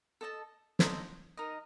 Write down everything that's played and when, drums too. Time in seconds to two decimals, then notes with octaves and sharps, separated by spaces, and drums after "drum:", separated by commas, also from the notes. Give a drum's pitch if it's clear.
0.21 A4 D#5 A5
0.79 A4 C5 D#5 A#5, drum: snare
1.37 D#4 A#4 D#5